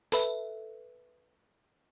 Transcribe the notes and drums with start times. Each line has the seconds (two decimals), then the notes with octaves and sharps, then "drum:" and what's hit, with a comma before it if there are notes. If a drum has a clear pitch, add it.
0.12 A4 B4 E5, drum: open hi-hat